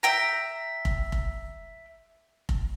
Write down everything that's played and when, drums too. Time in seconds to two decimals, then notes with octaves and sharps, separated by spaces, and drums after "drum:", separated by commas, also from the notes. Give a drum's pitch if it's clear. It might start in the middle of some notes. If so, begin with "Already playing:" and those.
0.03 E5 G5 A#5
0.85 drum: kick F1
1.12 drum: kick F1
2.49 drum: kick F1